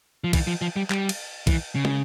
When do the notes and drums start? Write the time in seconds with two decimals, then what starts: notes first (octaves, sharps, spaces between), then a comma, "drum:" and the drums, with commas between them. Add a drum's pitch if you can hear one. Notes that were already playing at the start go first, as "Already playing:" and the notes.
0.24 F3
0.33 E3, drum: kick B1, cymbal
0.47 F3
0.62 F3
0.76 G3
0.90 G3, drum: clap
1.09 drum: cymbal
1.47 E3, drum: kick B1, cymbal
1.76 C#3
1.85 drum: tom